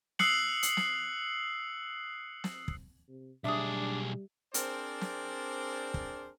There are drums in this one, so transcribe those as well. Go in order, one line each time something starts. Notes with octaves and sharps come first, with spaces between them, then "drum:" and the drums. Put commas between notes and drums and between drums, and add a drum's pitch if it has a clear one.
D#6 E6 F#6 C7 C#7 F#7, drum: snare
drum: hi-hat
drum: snare
drum: snare
drum: kick
C3
B1 G3 D4 G#4 E5 D#6
C4 D4 G#4 A#4 C5 D5, drum: hi-hat
drum: snare
drum: kick